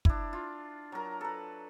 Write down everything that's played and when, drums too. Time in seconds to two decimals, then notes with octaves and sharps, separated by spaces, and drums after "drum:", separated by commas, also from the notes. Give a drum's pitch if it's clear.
0.05 D4 E4, drum: kick
0.33 F4
0.92 F#3 A#4
1.21 A4 B4